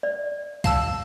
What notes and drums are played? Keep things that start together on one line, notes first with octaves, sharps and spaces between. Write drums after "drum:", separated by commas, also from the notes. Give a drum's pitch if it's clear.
D5
F5 A5 E6, drum: kick, cymbal